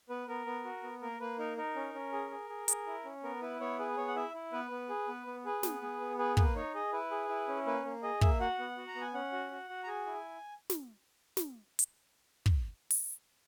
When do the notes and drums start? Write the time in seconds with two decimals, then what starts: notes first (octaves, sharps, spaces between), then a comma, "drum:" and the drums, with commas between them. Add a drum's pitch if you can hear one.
0.09 B3 B4
0.28 B3 A#4
0.46 B3
0.64 F#4
0.83 B3
1.02 A#3 A#4
1.20 A#3 B4
1.39 D#4 A#4
1.57 D#4 A#4
1.76 C#4
1.94 C#4
2.13 G#4
2.31 G#4
2.49 G#4
2.68 G#4, drum: hi-hat
2.87 E4
3.05 C#4
3.23 B3 A#4
3.42 E4 B4
3.60 B3 C#5
3.79 G#4 B4
3.97 B3 C#5
4.08 F#5
4.16 E4 E5
4.34 E4
4.52 B3 B4
4.71 B3
4.89 G#4
5.08 B3
5.26 B3
5.45 G#4 B4
5.63 B3, drum: snare
5.82 G#4
6.00 B3
6.18 G#4 B4
6.37 A#3 B4, drum: kick
6.56 D#4 C#5
6.74 G#4 D#5
6.92 E4 B4
7.11 G#4
7.29 E4
7.48 C#4
7.66 A#3 B4
7.85 A#3
8.03 G#4 D#5
8.21 A#3 E5, drum: kick
8.40 F#4 F#5
8.59 B3
8.77 F#4
8.88 A#5
8.95 B3
9.01 G#5
9.14 C#4 F#5
9.32 F#4
9.51 F#4
9.69 F#4
9.84 A#5
9.87 G#4 G#5
10.06 E4
10.70 drum: snare
11.37 drum: snare
11.79 drum: hi-hat
12.46 drum: kick
12.91 drum: open hi-hat